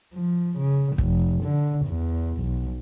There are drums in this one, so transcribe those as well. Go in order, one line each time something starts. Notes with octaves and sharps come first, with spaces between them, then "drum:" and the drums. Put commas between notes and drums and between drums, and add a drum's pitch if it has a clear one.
F3
C#3
F1, drum: kick
D3
E2
B1